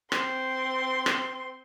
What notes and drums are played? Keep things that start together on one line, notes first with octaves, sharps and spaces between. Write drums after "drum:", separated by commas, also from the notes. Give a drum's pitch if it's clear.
C4 C6, drum: rim click
drum: rim click